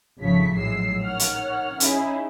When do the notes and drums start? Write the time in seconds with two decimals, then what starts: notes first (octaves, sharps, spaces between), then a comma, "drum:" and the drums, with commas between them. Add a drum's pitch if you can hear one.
0.19 G#1 C#3 F3 A3 C#6 B6
0.54 A#1 A2 F#3 G#3 E6 C7
1.03 D#3 C#5 F#5 F6
1.19 drum: hi-hat
1.80 C#4 D#4 E4 G#4, drum: hi-hat